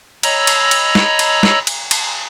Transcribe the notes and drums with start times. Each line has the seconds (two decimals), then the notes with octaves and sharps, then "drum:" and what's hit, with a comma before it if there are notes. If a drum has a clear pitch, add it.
0.23 C#5 D#5 A#5 B5 E6, drum: cymbal
0.47 drum: cymbal
0.71 drum: cymbal
0.95 drum: snare
1.19 drum: cymbal
1.43 drum: snare
1.67 drum: cymbal
1.91 drum: cymbal